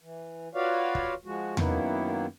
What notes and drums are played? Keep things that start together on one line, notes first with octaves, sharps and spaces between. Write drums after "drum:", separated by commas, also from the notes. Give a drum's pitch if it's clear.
E3
F4 F#4 B4 C#5 D5 F5
drum: kick
F3 G#3 F#4
F#2 D#3 A#3 B3 E4, drum: tom E2